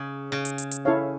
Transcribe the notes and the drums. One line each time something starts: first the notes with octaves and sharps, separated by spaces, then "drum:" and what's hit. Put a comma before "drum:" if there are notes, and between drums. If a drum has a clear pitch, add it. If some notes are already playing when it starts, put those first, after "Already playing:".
Already playing: C#3
C#3
drum: hi-hat
drum: hi-hat
drum: hi-hat
C#4 E4 A4 C#5 F5